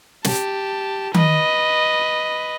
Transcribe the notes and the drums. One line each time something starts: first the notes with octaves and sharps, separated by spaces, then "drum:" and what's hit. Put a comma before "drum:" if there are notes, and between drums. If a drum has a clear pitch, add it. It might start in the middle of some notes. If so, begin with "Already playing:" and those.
G4 A5, drum: snare
B4 D#5, drum: tom D#3